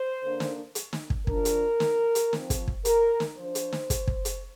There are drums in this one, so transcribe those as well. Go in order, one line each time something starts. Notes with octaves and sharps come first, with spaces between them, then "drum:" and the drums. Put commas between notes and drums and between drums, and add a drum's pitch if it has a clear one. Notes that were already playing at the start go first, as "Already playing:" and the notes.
Already playing: C5
D3 A#3 D4
drum: snare
drum: hi-hat
drum: snare
drum: kick
D4 A#4, drum: kick
F3
drum: hi-hat
drum: snare
drum: hi-hat
F3 C4, drum: snare
drum: kick, hi-hat
drum: kick
A#4, drum: hi-hat
drum: snare
F3 D4 C5
drum: hi-hat
drum: snare
drum: kick, hi-hat
drum: kick
drum: hi-hat